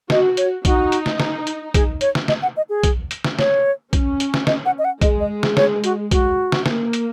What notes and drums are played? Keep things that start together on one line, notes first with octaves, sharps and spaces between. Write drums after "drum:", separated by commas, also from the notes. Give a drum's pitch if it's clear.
F#4 D#5, drum: snare
C#5, drum: hi-hat
D#4 F#4, drum: kick, hi-hat
drum: hi-hat
drum: snare
drum: snare
drum: hi-hat
G#4, drum: kick, hi-hat
C#5, drum: hi-hat
drum: snare
D#5, drum: snare
F#5
D#5
G#4
drum: kick, hi-hat
drum: hi-hat
drum: snare
C#5, drum: snare
C#4, drum: kick, hi-hat
drum: hi-hat
drum: snare
D#5, drum: snare
F#5
D#5
F#5
G#3 D#5, drum: kick, hi-hat
D#5
drum: snare
C#5, drum: snare
F#4, drum: hi-hat
F#4, drum: kick, hi-hat
drum: snare
A#3, drum: snare
drum: hi-hat